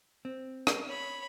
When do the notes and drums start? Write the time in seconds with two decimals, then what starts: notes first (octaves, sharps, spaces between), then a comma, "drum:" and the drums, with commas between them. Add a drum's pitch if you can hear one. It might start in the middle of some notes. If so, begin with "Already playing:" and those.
0.25 C4
0.67 drum: rim click
0.88 C#5 B5